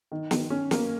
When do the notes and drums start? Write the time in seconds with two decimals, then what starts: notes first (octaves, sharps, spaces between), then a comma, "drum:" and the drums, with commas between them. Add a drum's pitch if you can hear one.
0.12 D#3
0.31 D#3, drum: snare
0.50 C#4
0.71 A#3, drum: snare